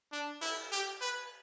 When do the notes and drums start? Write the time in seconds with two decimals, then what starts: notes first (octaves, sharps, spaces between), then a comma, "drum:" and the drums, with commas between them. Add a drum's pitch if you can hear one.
0.12 D4
0.41 E4, drum: cymbal
0.72 G4
1.01 B4